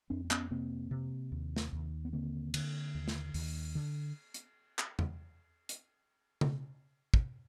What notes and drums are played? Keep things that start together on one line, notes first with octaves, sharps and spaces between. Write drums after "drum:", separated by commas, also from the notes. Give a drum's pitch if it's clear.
F2 C4 D4
C4
B3 C#4, drum: clap
C3 A#3 C4
C3
D#2
drum: snare
D#2
B3
D3 A#3 C4
D3, drum: cymbal
D#2
drum: snare
D#2, drum: open hi-hat
D3
drum: hi-hat
drum: clap
drum: tom E2
drum: hi-hat
drum: tom C#3
drum: kick